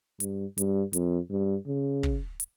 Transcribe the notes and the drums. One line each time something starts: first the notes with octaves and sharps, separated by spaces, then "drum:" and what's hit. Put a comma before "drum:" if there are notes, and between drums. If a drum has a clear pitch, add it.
G2, drum: hi-hat
G2, drum: hi-hat
F2, drum: hi-hat
G2
C#3
drum: kick
drum: hi-hat